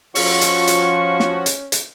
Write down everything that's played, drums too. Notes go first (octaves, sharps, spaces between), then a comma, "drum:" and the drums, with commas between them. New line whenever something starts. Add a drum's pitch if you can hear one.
F3 C#4 F4 F#4 C#6, drum: open hi-hat
drum: hi-hat
drum: hi-hat
drum: snare
drum: hi-hat
drum: hi-hat